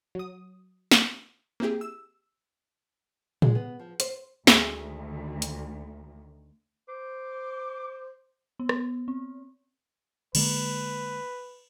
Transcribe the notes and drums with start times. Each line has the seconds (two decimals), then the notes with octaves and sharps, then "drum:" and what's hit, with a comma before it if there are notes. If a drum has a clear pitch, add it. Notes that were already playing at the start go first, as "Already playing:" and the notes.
0.15 F#3 D#6
0.91 drum: snare
1.60 A#3 C4 E4 G4 G#4
1.81 E6
3.42 G#3, drum: tom A2
3.55 B3
3.79 F3
4.00 C5, drum: hi-hat
4.47 D2 D#3 G#3 E4, drum: snare
5.42 drum: hi-hat
6.88 C5 D6
8.59 B3
8.69 drum: rim click
9.08 C4
10.35 D3 G#3 A#3 B4, drum: cymbal